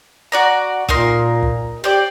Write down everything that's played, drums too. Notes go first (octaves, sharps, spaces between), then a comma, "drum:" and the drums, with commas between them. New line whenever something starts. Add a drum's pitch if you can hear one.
F#4 D5 A#5
A#2 D#4 A#4 C6, drum: kick
drum: kick
G4 C5 D5